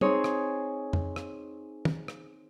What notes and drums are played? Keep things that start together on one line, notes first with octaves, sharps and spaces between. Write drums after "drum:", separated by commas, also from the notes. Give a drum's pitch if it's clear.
C4 D#4 G#4 C5 C#5, drum: tom
drum: rim click
drum: tom
drum: rim click
drum: tom
drum: rim click